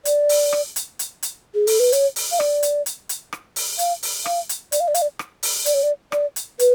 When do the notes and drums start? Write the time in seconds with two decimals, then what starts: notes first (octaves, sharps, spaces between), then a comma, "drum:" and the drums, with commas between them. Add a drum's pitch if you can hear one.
0.05 D5, drum: hi-hat
0.29 drum: open hi-hat
0.53 drum: rim click
0.76 drum: hi-hat
0.99 drum: hi-hat
1.23 drum: hi-hat
1.55 G#4
1.67 A4, drum: open hi-hat
1.80 B4
1.92 C#5, drum: hi-hat
2.16 drum: open hi-hat
2.32 F5
2.40 D5, drum: rim click
2.63 drum: hi-hat
2.86 drum: hi-hat
3.09 drum: hi-hat
3.33 drum: rim click
3.56 drum: open hi-hat
3.79 F5, drum: hi-hat
4.03 drum: open hi-hat
4.26 F5, drum: rim click
4.49 drum: hi-hat
4.72 D5, drum: hi-hat
4.80 F5
4.88 D5
4.94 F5, drum: hi-hat
5.02 D5
5.19 drum: rim click
5.43 drum: open hi-hat
5.66 D5, drum: hi-hat
5.74 C#5
5.83 D5
6.12 D5, drum: rim click
6.36 drum: hi-hat
6.59 B4, drum: hi-hat